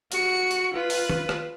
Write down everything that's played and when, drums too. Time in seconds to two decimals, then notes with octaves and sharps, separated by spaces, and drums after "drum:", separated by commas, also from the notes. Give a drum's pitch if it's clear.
0.12 F#4 C#7, drum: hi-hat
0.51 drum: hi-hat
0.74 F4 B4
0.90 drum: open hi-hat
1.09 drum: tom D#3
1.29 drum: rim click